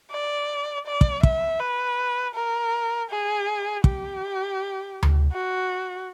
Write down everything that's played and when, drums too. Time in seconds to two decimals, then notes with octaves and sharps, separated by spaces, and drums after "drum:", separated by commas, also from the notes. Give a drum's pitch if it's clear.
0.11 D5
0.87 D5
1.01 drum: kick
1.23 E5, drum: kick
1.60 B4
2.35 A#4
3.10 G#4
3.84 G4, drum: kick
5.03 drum: tom D2
5.33 F#4